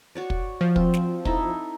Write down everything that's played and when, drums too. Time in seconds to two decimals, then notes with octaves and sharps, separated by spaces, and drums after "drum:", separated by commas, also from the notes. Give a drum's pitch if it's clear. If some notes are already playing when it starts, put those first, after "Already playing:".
0.15 F#4 C#5 D5
0.30 drum: kick
0.61 F3
0.76 C4, drum: kick
0.94 drum: snare
1.25 D#4 E4 A4, drum: kick